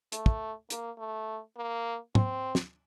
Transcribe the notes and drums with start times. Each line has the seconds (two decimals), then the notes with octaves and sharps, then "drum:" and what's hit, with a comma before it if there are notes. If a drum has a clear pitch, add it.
0.12 A3, drum: hi-hat
0.26 drum: kick
0.70 A#3, drum: hi-hat
0.99 A3
1.57 A#3
2.15 C4, drum: tom G#2
2.55 drum: snare